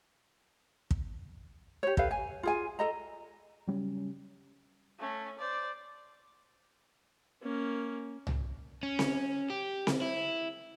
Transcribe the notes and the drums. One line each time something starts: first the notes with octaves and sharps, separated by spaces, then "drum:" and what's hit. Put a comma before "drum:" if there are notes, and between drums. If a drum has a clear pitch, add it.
drum: kick
G4 C#5
G4 A4 B4 F5, drum: kick
G#5
F4 G#4 G#5
A4 D#5 A#5
C#3 F#3 G3 C#4
A3 C#4
C5 D5
A#3 C#4
drum: tom C2
C#4
drum: snare C4
G4
drum: snare C4
E4